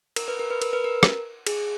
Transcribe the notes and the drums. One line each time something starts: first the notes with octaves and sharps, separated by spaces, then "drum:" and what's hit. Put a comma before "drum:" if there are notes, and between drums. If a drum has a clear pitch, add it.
A#4, drum: cymbal
B4
A#4
B4
A#4, drum: cymbal
B4
A#4
drum: rim click
G#4, drum: cymbal